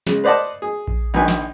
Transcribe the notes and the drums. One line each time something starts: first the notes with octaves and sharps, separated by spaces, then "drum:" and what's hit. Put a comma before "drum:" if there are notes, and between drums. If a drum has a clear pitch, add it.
C#3 G#3, drum: snare
B4 C5 D5 D#5 F#5 A5
G#4
drum: kick A#1
A#1 D#3 B4 G#5
drum: snare